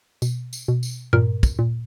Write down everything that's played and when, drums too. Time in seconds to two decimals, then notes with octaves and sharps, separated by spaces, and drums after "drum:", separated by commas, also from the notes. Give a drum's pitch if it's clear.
0.22 B2, drum: tambourine
0.53 drum: tambourine
0.68 B2
0.83 drum: tambourine
1.13 A#2 A#4, drum: tom G2
1.43 drum: kick, tambourine
1.59 A#2